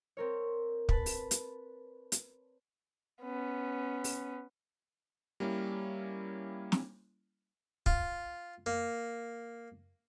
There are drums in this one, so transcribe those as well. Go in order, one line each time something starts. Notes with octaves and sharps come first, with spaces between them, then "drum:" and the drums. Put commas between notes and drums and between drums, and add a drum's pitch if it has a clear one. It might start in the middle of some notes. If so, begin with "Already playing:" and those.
C4 A#4 C#5
B4 A5 B5, drum: kick
drum: open hi-hat
drum: hi-hat
drum: hi-hat
B3 C#4
drum: open hi-hat
G3 A#3 C#4 E4
drum: snare
F4, drum: kick
A#3